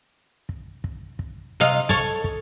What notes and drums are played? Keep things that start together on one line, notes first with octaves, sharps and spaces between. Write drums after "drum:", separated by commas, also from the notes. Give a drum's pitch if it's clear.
drum: kick
drum: kick
drum: kick
C3 D#5 F5
A4 C#5, drum: kick
drum: kick